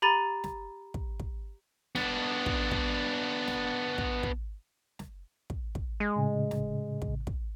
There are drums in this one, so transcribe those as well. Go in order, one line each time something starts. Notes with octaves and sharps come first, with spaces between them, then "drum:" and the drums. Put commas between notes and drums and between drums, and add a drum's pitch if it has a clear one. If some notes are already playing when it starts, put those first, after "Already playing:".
G4 A#5 B5 A6 D#7
drum: snare
drum: kick
drum: kick
B3 D4, drum: snare
drum: kick
drum: kick
drum: snare
drum: kick
drum: kick
drum: snare
drum: kick
drum: kick
G#3
A2 C#3
drum: snare
drum: kick
drum: kick